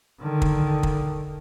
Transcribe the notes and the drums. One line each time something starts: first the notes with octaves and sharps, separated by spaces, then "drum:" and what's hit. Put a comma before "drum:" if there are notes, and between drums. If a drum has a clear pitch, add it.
D3 D#3
drum: kick
drum: kick